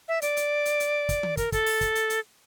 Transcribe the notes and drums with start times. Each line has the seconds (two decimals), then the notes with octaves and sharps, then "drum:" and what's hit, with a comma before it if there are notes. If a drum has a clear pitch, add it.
0.08 E5
0.22 D5, drum: hi-hat
0.37 drum: hi-hat
0.65 drum: hi-hat
0.80 drum: hi-hat
1.09 drum: kick, hi-hat
1.23 drum: tom D#3
1.37 A#4, drum: kick, hi-hat
1.52 A4, drum: kick, hi-hat
1.66 drum: open hi-hat
1.81 drum: kick, hi-hat
1.95 drum: hi-hat
2.10 drum: hi-hat